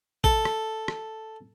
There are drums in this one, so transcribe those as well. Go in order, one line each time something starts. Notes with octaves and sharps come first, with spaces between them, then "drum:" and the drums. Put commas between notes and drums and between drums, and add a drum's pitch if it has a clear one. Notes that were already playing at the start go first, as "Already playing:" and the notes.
A4, drum: kick A1
drum: rim click
drum: rim click